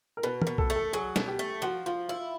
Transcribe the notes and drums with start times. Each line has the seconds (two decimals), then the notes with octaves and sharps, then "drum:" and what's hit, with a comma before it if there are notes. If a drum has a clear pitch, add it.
0.17 A#4
0.23 B2 B4
0.42 A#4, drum: tom
0.47 B2
0.58 A4, drum: kick
0.70 A3
0.76 A4
0.93 F#3 G#4
1.16 B2, drum: snare
1.28 G4
1.39 A3
1.62 F3 F#4
1.86 F3 F4
2.08 E4 F4